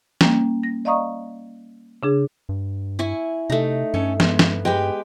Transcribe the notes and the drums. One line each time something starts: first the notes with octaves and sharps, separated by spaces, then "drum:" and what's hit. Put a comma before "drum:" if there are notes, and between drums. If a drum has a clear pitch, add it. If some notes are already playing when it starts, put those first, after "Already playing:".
G3 A#3 C#4, drum: snare
A#6
D5 D#5 F5 A#5 C#6 D#6
C#3 D4 G#4
G2
E4 G#5 C#6
C3 A3 D#4
G2 C#4 A4 G#5
G#3 B3, drum: snare
drum: snare
G#3 G4 B4 G5